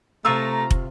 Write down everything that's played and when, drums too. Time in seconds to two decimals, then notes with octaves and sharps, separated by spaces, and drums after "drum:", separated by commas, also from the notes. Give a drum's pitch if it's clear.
0.25 C3 A3 F4 A#5 C#6 E6
0.71 drum: kick